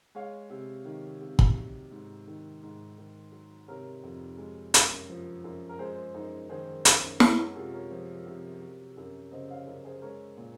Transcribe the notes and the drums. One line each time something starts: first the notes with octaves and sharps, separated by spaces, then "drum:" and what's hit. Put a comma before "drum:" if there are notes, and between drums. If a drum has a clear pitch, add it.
G#3 C#5 F5
C3
D#3
C3
drum: kick
F#3
G#2
D#3
G#2
D#3
F#3
C3 A#4 C#5
F2
G#3
F#2, drum: hi-hat
F3
F#2
A#4
G#3 G#4 C5
F#2 D#4
D#3 G#4 C5
F#2, drum: hi-hat
G#3 A#4 C#5, drum: snare
F#4 A#4
C3 F4 G#4
A#4 C#5
F3
C3
F#3
F#2
C#3 C5 D#5
C#5 F5
F#2
G#4 C5
G#3 A#4 C#5
A#2